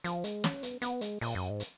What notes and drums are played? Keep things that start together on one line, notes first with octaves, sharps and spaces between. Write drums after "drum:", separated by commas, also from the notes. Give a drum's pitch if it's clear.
F3, drum: hi-hat
G#3, drum: hi-hat
C#4, drum: snare
B3, drum: hi-hat
B3, drum: hi-hat
G#3, drum: hi-hat
A#2, drum: open hi-hat
F#2
G#2
drum: hi-hat